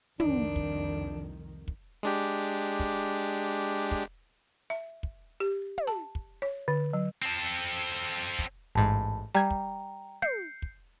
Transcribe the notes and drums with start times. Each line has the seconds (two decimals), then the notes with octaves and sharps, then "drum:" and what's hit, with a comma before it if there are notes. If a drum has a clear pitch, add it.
0.20 C2 F2 D#3 D4, drum: tom
0.56 drum: kick
1.68 drum: kick
2.03 G#3 D4 G4
2.79 drum: kick
3.91 drum: kick
4.70 E5
5.03 drum: kick
5.40 G4
5.78 drum: tom
5.87 A5
6.15 drum: kick
6.42 C#5
6.68 D3
6.93 F#3
7.22 C4 A4
8.39 drum: kick
8.75 A1 G#2 A5 B5
9.35 G3 G5 A#5 G#6
9.51 drum: kick
10.22 G6 C7 C#7, drum: tom
10.62 drum: kick